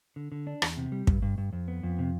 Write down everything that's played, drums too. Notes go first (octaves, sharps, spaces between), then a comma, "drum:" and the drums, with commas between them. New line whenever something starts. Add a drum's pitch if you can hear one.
D3
D3
D4
E2, drum: rim click
C3
G3
G2, drum: kick
G2
G2
F2
B3
F2
C3